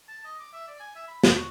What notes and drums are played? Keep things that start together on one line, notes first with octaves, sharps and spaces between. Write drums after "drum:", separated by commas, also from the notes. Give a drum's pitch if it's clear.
A5
D#5
D6
E5
D5
G#5
E5
B5
G5, drum: snare
F#4